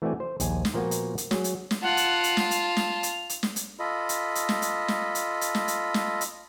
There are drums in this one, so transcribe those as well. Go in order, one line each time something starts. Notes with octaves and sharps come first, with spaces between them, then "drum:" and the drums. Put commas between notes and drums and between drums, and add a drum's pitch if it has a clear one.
E3 A3 C4 F#4 D5 G#5
C5
A#1 D#2 G#5, drum: hi-hat
drum: snare
A#2 F3 A#3 B3 F#4
drum: hi-hat
drum: hi-hat
F#3 G#4, drum: snare
drum: hi-hat
drum: snare
F4 F#5 A5
drum: hi-hat
drum: hi-hat
drum: snare
F7, drum: hi-hat
drum: snare
drum: hi-hat
drum: hi-hat
drum: snare
drum: hi-hat
F4 A4 D#5 B5
drum: hi-hat
drum: hi-hat
drum: snare
drum: hi-hat
drum: snare
drum: hi-hat
drum: hi-hat
drum: snare
drum: hi-hat
drum: snare
drum: hi-hat